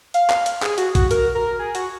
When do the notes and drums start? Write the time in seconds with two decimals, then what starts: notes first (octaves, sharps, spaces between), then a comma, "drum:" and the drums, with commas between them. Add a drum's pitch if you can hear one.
0.14 F5, drum: hi-hat
0.30 drum: clap
0.46 drum: hi-hat
0.62 G#4, drum: clap
0.78 F#4, drum: hi-hat
0.95 F#4, drum: kick A1, hi-hat
1.11 A#4, drum: hi-hat
1.35 A#4
1.59 G#4
1.75 F#4, drum: hi-hat